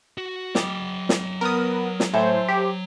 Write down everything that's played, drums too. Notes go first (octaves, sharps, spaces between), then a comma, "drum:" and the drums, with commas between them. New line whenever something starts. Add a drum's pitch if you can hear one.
F#4
F#3 D#5 G5 D6, drum: snare
drum: snare
B3 A#4 D#6
drum: snare
A2 A4 C5 E5 G#5
G4